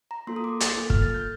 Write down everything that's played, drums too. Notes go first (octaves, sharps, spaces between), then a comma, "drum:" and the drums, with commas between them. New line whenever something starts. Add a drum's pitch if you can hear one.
A#5
A#3 F4 A4 C6
D#6
D6
A6, drum: hi-hat
A#3 F4 A4
F6, drum: kick
A6
G6